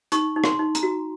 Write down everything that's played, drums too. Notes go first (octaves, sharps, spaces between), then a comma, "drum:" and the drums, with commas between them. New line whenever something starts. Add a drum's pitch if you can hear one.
D#4 C#6, drum: hi-hat
D#4
C6, drum: rim click
D#4
A#5, drum: hi-hat
F#4